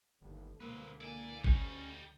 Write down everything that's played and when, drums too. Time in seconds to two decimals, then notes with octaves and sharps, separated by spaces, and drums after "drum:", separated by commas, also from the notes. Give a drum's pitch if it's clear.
0.22 G1 D#2 D3 A3
0.60 C#2 B2 D3 A#3 C4 B4
1.01 E4 D5 G#5
1.44 D2 G3 C#4 D#4, drum: kick